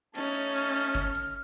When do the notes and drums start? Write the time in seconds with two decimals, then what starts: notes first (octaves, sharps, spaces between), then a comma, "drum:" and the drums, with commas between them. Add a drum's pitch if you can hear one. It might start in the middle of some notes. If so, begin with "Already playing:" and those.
0.15 A3 C#4 D#4 A5, drum: hi-hat
0.35 drum: hi-hat
0.56 F6, drum: hi-hat
0.75 drum: hi-hat
0.95 drum: kick F#1, hi-hat
1.15 drum: hi-hat